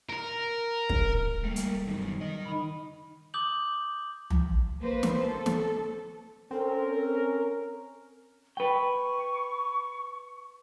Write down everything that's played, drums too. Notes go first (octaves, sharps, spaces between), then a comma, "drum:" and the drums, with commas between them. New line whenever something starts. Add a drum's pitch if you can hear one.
A#4
drum: kick
G3 A3 A#3
drum: hi-hat
F#2 D#3
D#3 D#5
D#4 B5
D6 D#6 G6 F#7
drum: tom
A#3 B4 C5
drum: snare
A4
drum: snare
C4 C#4 A4 A#4
B4 G5 C#6